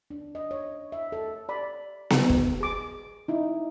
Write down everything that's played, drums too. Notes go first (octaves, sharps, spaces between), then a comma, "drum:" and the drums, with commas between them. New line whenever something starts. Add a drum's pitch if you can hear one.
D4
D#5
C#5
E5
A4
D5 B5
drum: snare B3
drum: kick
G#4 D6
D#4 E4